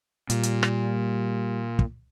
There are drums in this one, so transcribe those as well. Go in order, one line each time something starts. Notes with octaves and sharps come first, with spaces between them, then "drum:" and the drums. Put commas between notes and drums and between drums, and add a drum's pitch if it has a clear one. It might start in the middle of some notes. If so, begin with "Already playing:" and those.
A#2 G3, drum: hi-hat
drum: hi-hat
drum: rim click
drum: kick